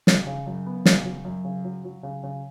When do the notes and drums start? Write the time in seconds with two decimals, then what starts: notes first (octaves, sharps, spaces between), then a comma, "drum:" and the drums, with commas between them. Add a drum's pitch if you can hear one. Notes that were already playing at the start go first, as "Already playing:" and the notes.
0.07 C#3, drum: snare
0.27 C#3
0.47 F#2
0.66 B3
0.86 C#3, drum: snare
1.05 F#3
1.25 F#2
1.45 C#3
1.64 F#3
1.85 F#3
2.03 C#3
2.23 C#3